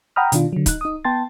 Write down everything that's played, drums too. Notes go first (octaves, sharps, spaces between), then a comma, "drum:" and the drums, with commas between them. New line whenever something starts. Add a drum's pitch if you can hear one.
F#5 G5 A#5 B5 D#6 F6
B2 D#3 D4 F4, drum: hi-hat
D3 F#3
D#4 F#6, drum: kick C#1, hi-hat
D#4 D#6
B3 G5 A5 C6 A6